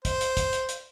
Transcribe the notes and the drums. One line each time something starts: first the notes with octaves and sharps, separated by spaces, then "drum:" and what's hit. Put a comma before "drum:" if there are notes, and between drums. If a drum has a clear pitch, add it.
C5, drum: kick, hi-hat
drum: hi-hat
drum: kick, hi-hat
drum: hi-hat
drum: hi-hat